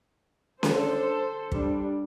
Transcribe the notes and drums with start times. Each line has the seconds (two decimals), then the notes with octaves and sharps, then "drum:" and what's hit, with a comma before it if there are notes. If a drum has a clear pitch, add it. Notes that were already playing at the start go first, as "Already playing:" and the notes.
0.63 D3 G3 D4 A4 C5, drum: snare C#4
1.52 G3 D4, drum: kick